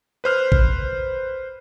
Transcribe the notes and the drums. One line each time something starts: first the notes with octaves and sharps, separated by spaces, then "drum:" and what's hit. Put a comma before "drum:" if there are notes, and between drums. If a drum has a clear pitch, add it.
B4 C5 F6 F#6
drum: kick A1